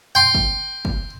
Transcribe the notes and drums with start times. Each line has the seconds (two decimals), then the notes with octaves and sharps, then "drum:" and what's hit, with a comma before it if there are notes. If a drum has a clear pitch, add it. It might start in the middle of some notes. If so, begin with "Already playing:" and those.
0.15 G5 C6
0.35 drum: kick
0.85 drum: kick